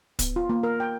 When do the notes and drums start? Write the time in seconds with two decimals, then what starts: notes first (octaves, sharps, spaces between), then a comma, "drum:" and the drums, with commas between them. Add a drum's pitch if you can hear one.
0.19 B3, drum: kick, hi-hat
0.36 F4
0.49 A#3
0.63 A#4
0.80 G5